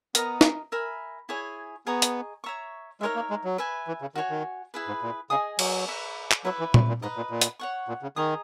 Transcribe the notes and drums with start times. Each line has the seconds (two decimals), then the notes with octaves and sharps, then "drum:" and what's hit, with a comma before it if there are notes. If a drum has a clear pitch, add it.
0.15 B3 A#4 D#5 A#5, drum: hi-hat
0.41 drum: snare
0.72 A#4 E5 G#5 B5
1.29 E4 G#4 C#5 G#5
1.86 B3 G#4 D#5 A#5 C#6
2.02 drum: hi-hat
2.44 C#5 E5 A#5 C#6
3.01 G#3 D#4 A#4 C#5 E5
3.16 A#3
3.30 G#3
3.44 F#3
3.58 B4 E5 G#5
3.88 E3
4.01 C#3
4.15 D#3 F#4 C#5 G#5
4.30 D#3
4.74 E4 G#4 B4
4.87 G#2
5.02 A#2
5.30 C#3 G#4 D#5 G#5 D#6
5.59 F#3, drum: cymbal
5.88 B4 E5 A#5
6.32 drum: clap
6.45 F#3 E4 B4 E5
6.59 E3
6.74 A#2, drum: tom A#2
6.88 A#2
7.02 G#2 B4 D#5 A#5
7.16 A#2
7.30 A#2
7.41 drum: hi-hat
7.59 C#5 F#5 C#6
7.88 A#2
8.02 C#3
8.16 D#3 G#4 D#5 A#5 D#6